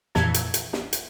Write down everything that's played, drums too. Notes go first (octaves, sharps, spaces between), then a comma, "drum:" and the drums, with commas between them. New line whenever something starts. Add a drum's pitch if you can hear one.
F2 A#2 E3 A5 G#6, drum: snare
drum: hi-hat
drum: hi-hat
drum: snare
drum: hi-hat